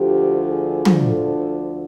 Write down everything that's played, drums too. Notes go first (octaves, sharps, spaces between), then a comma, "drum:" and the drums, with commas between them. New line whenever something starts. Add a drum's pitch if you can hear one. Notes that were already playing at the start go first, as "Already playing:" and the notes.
Already playing: D2 D3 F3 G4
G#4
drum: tom
A4